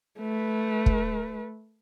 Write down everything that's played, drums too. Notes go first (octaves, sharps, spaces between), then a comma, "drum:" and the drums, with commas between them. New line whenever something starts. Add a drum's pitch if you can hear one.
A3 B4
drum: kick